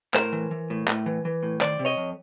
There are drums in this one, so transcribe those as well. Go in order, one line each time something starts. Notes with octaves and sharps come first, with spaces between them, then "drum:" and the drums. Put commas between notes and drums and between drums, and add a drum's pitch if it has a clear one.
A2 A#4 C5, drum: clap
E3
E3
A2
A2, drum: clap
E3
E3
A2
D#3 C5 D5, drum: clap
C3
C#5 D#5
F2